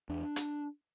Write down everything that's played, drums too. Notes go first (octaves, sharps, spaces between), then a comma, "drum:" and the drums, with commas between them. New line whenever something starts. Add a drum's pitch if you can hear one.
E2 D4
drum: hi-hat